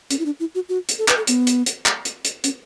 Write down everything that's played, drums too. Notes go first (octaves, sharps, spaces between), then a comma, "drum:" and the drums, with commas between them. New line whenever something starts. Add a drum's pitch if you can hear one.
C#4, drum: hi-hat
E4
D4
E4
F#4
F#4
drum: hi-hat
A4
B4, drum: clap
A4
B3, drum: hi-hat
drum: hi-hat
drum: hi-hat
drum: clap
drum: hi-hat
drum: hi-hat
C#4, drum: hi-hat